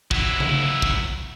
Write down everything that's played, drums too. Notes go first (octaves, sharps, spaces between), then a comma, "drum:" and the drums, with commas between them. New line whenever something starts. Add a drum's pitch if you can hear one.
F#3 E4, drum: kick
drum: tom C#3
drum: kick